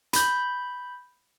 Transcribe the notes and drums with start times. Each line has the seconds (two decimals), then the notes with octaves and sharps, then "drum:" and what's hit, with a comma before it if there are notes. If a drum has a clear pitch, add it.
0.13 B5 G6, drum: hi-hat